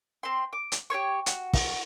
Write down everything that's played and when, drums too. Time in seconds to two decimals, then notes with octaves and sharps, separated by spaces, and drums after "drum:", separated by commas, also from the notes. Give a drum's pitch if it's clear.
0.23 C4 C6
0.53 D6
0.72 drum: hi-hat
0.90 G4 G#4 C#5 C#6
1.26 F#4, drum: hi-hat
1.53 drum: kick, open hi-hat